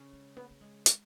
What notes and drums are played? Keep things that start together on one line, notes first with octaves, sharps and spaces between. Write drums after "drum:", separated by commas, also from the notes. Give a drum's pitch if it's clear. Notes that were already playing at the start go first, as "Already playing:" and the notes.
Already playing: C#3 C#4
G#3
B3
B3
G#3
drum: hi-hat